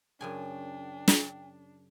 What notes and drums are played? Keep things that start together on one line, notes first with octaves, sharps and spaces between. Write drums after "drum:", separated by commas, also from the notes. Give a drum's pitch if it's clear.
F#2 C#3 D4 G5 G#5
drum: snare